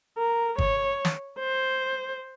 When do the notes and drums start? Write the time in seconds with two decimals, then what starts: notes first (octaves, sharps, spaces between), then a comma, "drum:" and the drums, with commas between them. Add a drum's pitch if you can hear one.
0.18 A#4
0.58 C#5, drum: kick
1.05 drum: snare
1.39 C5